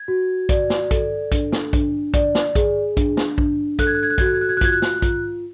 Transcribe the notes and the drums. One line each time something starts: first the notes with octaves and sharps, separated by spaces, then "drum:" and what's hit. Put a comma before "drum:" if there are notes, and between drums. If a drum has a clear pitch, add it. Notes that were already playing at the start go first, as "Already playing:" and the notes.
Already playing: G#6
F#4
D5, drum: kick A#1, hi-hat
drum: snare
A4, drum: kick A#1, hi-hat
D4, drum: kick A#1, hi-hat
drum: snare
D4, drum: kick A#1, hi-hat
D5, drum: kick A#1, hi-hat
drum: snare
G#4, drum: kick A#1, hi-hat
D4, drum: kick A#1, hi-hat
drum: snare
D4, drum: kick A#1
A4 F#6, drum: kick A#1, hi-hat
G#6
F#6
G#6
F#6
F#4 G#6, drum: kick A#1, hi-hat
F#6
G#6
F#6
G#6
F#6
F4 G#6, drum: kick A#1, hi-hat
F#6
drum: snare
F4, drum: kick A#1, hi-hat